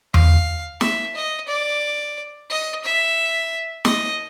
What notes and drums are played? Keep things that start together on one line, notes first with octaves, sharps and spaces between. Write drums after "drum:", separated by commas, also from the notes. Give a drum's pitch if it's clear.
F5, drum: tom E2
E5, drum: snare
D#5
D5
D#5
E5
D#5, drum: snare